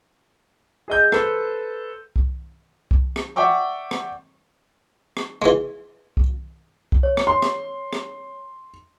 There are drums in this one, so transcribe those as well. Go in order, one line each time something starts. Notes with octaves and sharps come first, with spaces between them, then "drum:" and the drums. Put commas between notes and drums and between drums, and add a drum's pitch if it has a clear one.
G#4 D#5 G6
A4 B4 C5, drum: rim click
drum: kick C2
drum: kick C2
drum: rim click
D5 E5 F#5 G5 C#6 D6
drum: rim click
drum: rim click
E3 G#3
drum: kick C2
drum: kick C2
C#5
drum: rim click
C6
drum: rim click
drum: rim click